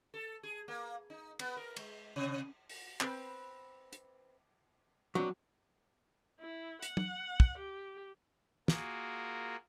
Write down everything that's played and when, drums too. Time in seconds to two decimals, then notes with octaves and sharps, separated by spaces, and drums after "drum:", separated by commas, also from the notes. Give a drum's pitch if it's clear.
0.14 A4
0.43 G#4
0.68 A#3
1.10 D#4
1.39 B3, drum: cymbal
1.57 A#4
1.76 G#3, drum: cymbal
2.16 C3
2.69 drum: open hi-hat
3.01 C4 B4, drum: clap
3.93 drum: hi-hat
5.15 F#3 B3 C4 D4
6.40 E4
6.82 F#5, drum: hi-hat
6.97 drum: tom
7.40 drum: kick
7.58 G4
8.68 A#3 F4 F#4 G#4 A#4, drum: snare